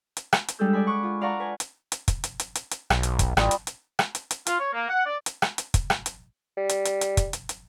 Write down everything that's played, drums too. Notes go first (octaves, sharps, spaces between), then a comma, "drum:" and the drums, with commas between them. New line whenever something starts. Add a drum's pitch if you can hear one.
drum: hi-hat
drum: rim click
drum: hi-hat
G3 G#3 D4 A4 E6 G6
D5 D#5 G#5 B5
F#5 C#6 D6
F4
D5 F5 F#5 A5 A#5 C#6
B4 G#5 C#6
drum: hi-hat
drum: hi-hat
drum: kick, hi-hat
drum: hi-hat
drum: hi-hat
drum: hi-hat
drum: hi-hat
B1, drum: rim click
drum: hi-hat
drum: kick, hi-hat
A1 G3 F4 D#5, drum: rim click
drum: hi-hat
drum: hi-hat
drum: rim click
drum: hi-hat
drum: hi-hat
F4, drum: hi-hat
C#5
A#3
F#5
D5
drum: hi-hat
drum: rim click
drum: hi-hat
drum: kick, hi-hat
drum: rim click
drum: hi-hat
G3
drum: hi-hat
drum: hi-hat
drum: hi-hat
drum: kick, hi-hat
drum: hi-hat
drum: hi-hat